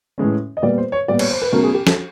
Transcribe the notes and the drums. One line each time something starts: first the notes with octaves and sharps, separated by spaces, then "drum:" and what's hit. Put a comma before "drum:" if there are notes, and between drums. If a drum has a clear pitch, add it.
A2 E3 G#3 C#4
D#5
A#2 G3 B3 D5
C5
C#5
A#2 G3 B3 D5
C#5, drum: cymbal
C5
B4
B2 F#3 A3 C#4 A#4
G#4
G4
A4, drum: snare